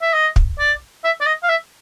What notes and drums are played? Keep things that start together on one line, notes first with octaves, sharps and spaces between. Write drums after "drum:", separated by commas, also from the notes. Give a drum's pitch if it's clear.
E5
D#5
drum: kick
D5
E5
D5
D#5
F5
E5